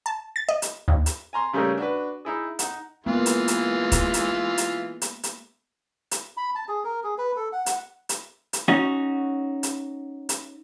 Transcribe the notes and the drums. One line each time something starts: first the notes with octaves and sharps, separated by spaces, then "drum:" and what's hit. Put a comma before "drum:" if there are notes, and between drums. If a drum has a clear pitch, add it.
A5
A6
D#5
drum: hi-hat
D#2
drum: hi-hat
G#5 A#5 C6
C#3 G3 A3 C#4 D#4 A#4
D4 F#4 B4
D#4 E4 G#4
D#4 F#5, drum: hi-hat
E3 G#3 A#3 B3 F4
drum: hi-hat
drum: hi-hat
drum: kick, hi-hat
drum: hi-hat
drum: hi-hat
drum: hi-hat
drum: hi-hat
drum: hi-hat
B5
A5
G#4
A#4
G#4
B4
A4
F#5
F#5, drum: hi-hat
drum: hi-hat
drum: hi-hat
C#4 D#4 F#4
drum: hi-hat
drum: hi-hat